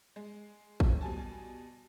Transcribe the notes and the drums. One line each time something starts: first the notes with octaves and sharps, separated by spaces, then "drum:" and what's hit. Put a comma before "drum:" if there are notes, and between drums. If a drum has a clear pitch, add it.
G#3
drum: kick
B2 G3 G#5 A5